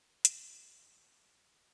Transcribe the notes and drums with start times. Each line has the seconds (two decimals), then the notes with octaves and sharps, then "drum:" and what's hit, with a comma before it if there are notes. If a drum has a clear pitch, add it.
0.25 A2 F#3 F#4 B5 D6 G6, drum: hi-hat